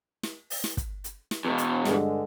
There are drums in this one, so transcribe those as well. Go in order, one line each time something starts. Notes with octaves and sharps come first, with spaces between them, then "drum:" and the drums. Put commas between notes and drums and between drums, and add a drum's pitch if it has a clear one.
drum: snare
drum: open hi-hat
drum: snare
drum: kick, hi-hat
drum: hi-hat
drum: snare
E2 B2
drum: hi-hat
G2 D3 G#3, drum: snare